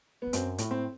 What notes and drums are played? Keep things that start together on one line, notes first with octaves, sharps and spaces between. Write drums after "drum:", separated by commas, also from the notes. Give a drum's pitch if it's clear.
E2 B3
F#2 C4, drum: hi-hat
A2, drum: hi-hat
C4